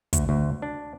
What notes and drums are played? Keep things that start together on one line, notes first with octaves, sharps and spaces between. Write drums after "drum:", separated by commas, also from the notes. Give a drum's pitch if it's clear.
D2, drum: kick, hi-hat
D2
D4